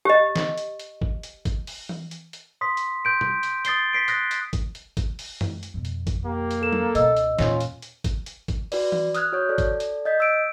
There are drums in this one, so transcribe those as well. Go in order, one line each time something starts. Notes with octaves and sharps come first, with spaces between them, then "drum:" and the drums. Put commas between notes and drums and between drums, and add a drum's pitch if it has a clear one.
G4 D#5
drum: snare
drum: hi-hat
drum: hi-hat
drum: kick
drum: hi-hat
drum: kick, hi-hat
drum: open hi-hat
drum: tom E3
drum: hi-hat
drum: hi-hat
C6 D#6 B6
drum: hi-hat
C6 G6 D7
drum: tom B2
drum: hi-hat
D#6 A6 C7 G7, drum: hi-hat
B6 C7 D7
D#6 F#6 A#6, drum: hi-hat
drum: hi-hat
drum: kick, hi-hat
drum: hi-hat
drum: kick, hi-hat
drum: open hi-hat
drum: tom F#2
drum: hi-hat
F2 B2
drum: hi-hat
drum: kick, hi-hat
A#3 G4
drum: hi-hat
A4 E7
drum: tom F#3
C#2 B2 D#5 E6, drum: hi-hat
drum: hi-hat
E2 A#2 C#4 F4, drum: snare
drum: hi-hat
drum: hi-hat
drum: kick, hi-hat
drum: hi-hat
drum: kick, hi-hat
F#4 B4 D5, drum: open hi-hat
drum: tom E3
D#6 F6 F#6 G#6, drum: hi-hat
F#4 C#5 G6
A4 D5
drum: kick, hi-hat
drum: hi-hat
D#5 G6 B6
D#6 E6 D7